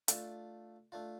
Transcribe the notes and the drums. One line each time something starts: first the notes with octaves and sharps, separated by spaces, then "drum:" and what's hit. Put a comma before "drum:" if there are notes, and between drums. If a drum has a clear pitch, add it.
A3 D4 F4, drum: hi-hat
A3 D4 F4